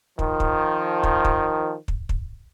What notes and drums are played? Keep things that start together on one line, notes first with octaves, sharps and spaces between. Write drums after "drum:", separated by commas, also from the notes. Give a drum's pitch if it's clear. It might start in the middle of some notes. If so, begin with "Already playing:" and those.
D#3 F3, drum: kick
drum: kick
drum: kick
drum: kick
drum: kick
drum: kick